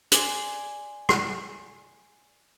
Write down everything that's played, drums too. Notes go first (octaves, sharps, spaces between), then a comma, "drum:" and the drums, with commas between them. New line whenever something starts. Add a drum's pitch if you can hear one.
G#4 D5 C6, drum: hi-hat
drum: rim click